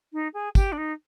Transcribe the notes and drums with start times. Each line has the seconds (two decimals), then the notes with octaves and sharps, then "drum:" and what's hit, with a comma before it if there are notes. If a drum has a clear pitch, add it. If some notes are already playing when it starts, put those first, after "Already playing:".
0.12 D#4
0.34 G#4
0.55 G4, drum: kick, tambourine
0.72 D4
0.77 D#4